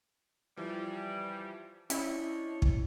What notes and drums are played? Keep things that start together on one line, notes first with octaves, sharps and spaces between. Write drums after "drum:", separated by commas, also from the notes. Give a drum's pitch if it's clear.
E3 F3 G3 E4
F3 C#4 D4 E4 C#5 D#5, drum: hi-hat
drum: kick